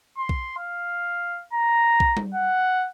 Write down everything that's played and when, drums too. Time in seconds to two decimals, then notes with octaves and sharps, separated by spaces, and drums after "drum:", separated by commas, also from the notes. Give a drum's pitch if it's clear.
0.18 C6
0.29 drum: kick B1
0.58 F5
1.53 A#5
2.00 drum: kick B1
2.17 drum: tom G3
2.35 F#5